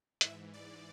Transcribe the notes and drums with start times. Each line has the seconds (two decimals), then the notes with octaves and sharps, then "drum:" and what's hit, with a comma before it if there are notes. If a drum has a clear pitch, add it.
0.21 G#2 E3 E5, drum: hi-hat
0.53 D5